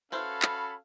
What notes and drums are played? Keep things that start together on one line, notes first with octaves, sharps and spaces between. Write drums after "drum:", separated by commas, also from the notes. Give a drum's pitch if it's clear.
C#4 E4 F#4 A4 B4 C5 F5 B5
drum: clap